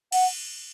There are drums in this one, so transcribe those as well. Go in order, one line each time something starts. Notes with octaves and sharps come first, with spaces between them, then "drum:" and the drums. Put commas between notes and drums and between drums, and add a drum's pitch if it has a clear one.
F#5, drum: cymbal